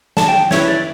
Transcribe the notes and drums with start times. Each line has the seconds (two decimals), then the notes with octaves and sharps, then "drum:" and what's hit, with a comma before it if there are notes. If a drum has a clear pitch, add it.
0.17 A5, drum: snare
0.28 G5
0.51 C#4 E4 B4 C#5, drum: snare
0.68 D5